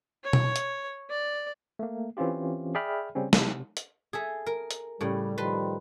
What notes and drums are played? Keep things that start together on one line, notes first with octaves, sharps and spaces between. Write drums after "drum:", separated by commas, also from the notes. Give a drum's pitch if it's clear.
C#5
drum: tom
drum: hi-hat
D5
A3 A#3
E3 C4 C#4 F4 G4
G#4 D5 E5 G5 B5 F6
C#3 G3 C4 C#4
C3, drum: snare
drum: hi-hat
G#4 A4 E5
A#4
drum: hi-hat
A2 C#3 G3
D#3 F3 G3 B4 A5 C6